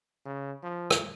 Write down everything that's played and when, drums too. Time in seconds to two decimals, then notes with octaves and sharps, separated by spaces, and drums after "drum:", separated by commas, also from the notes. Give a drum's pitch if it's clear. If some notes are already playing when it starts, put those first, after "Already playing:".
0.25 C#3
0.63 F3
0.90 drum: rim click